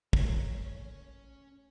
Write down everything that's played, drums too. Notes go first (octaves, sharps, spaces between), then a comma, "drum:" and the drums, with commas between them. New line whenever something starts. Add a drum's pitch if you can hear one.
A3 A#3 C#4 A#4 C#5, drum: kick